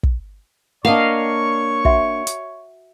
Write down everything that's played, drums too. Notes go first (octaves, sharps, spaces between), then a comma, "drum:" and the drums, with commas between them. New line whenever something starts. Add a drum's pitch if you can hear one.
drum: kick
A#3 D4 C#5 D#5 F5 F#5 C#6
F#4 E5 F#5, drum: kick
drum: hi-hat